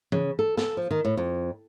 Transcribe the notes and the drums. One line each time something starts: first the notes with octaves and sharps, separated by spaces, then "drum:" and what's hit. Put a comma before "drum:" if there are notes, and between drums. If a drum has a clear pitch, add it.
C#3, drum: tom E3
A4
A4, drum: snare
F3
D#3
A2
F2